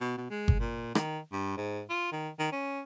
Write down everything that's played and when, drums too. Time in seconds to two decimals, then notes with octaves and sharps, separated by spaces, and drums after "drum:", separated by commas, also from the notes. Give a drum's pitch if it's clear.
0.01 B2
0.18 B2
0.30 G#3
0.48 drum: kick G1
0.60 A#2
0.95 D#3, drum: rim click
1.32 G2
1.57 G#2
1.90 F4
2.12 D#3
2.39 D#3
2.52 C#4